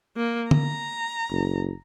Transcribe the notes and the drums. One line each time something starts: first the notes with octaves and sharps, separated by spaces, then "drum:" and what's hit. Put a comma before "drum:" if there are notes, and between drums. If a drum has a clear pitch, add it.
A#3
A#5, drum: tom D3
F#1